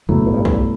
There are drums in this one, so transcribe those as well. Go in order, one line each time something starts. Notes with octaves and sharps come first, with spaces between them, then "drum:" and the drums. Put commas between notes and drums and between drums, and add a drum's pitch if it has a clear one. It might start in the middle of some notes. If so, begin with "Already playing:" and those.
F#2 B2 F#3 A3 E4, drum: tom C3
A2
G2
G2, drum: kick